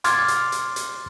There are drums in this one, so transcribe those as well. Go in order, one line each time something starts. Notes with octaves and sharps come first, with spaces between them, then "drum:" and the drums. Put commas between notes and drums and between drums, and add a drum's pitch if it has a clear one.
C6 D6 F6 G#6 A6, drum: hi-hat
drum: hi-hat
drum: hi-hat
drum: hi-hat